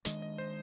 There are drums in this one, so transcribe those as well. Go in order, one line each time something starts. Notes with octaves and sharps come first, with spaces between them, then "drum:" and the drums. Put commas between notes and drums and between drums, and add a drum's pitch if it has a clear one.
D#3 G#3 D4 D#5, drum: hi-hat
D#5
C5